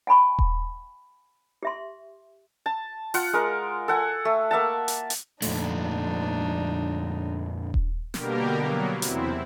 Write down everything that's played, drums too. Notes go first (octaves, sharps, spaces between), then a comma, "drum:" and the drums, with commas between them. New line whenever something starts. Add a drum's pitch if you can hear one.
F#5 G#5 B5 C#6
drum: kick D#1
G4 E5 C6
A5
F4 F#5, drum: open hi-hat
G#3 A#4 D6
A4 F#5 G#5
A3
A#3 E5 F#5 A5
drum: hi-hat
drum: hi-hat
F2 A#2 A3 D4 D#4, drum: open hi-hat
drum: kick D#1
B2 D3 G3 A#3 G4 A#4, drum: snare
F#3 A#3 B3
E2 C3 C4 E4, drum: hi-hat